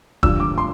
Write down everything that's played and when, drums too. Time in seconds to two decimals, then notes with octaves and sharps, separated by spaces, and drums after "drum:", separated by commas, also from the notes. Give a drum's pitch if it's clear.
0.23 G2 D3 F3 E6, drum: kick D#1
0.40 D6
0.58 C6